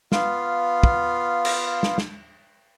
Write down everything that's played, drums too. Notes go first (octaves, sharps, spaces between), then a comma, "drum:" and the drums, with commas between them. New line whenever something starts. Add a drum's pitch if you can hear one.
B3 F4 F5, drum: snare
drum: kick
drum: cymbal
drum: snare
drum: snare